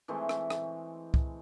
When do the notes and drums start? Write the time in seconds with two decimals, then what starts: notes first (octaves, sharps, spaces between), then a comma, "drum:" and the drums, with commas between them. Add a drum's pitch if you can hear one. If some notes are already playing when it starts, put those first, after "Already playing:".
0.08 E3 G#3 A3 C4
0.29 drum: rim click
0.50 drum: rim click
1.14 drum: kick C2